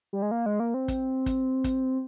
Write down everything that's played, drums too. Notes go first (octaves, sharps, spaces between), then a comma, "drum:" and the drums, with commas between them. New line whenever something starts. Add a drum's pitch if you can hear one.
G3
G#3
A#3
G#3
A#3
C4
drum: kick, hi-hat
drum: kick, hi-hat
drum: kick, hi-hat